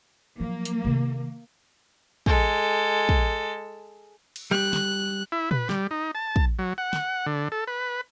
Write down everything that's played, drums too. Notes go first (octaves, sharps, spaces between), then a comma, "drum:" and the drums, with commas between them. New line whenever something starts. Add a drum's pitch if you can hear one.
F3 F#3 A#3
drum: hi-hat
C3 D#3
G#3 A4, drum: kick
drum: kick
drum: cymbal
G3 F#6
drum: snare
E4
B4, drum: tom A#2
G3, drum: snare
D#4
A5
drum: kick
F#3
F#5
drum: snare
D3
A4
B4